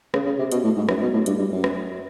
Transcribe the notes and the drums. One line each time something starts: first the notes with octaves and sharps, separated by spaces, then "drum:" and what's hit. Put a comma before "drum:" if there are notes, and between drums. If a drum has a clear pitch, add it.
C#3, drum: rim click
C#3
C3
B2, drum: hi-hat
A2
G#2
F#2, drum: rim click
B2
A2
G2, drum: hi-hat
G2
F#2
drum: rim click